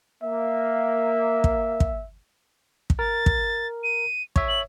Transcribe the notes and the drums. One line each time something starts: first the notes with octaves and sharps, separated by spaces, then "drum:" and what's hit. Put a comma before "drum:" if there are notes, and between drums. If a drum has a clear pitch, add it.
A#3 E5
drum: kick
drum: kick
drum: kick
A#4 A6
drum: kick
D#7
C#5 E5, drum: kick
F#7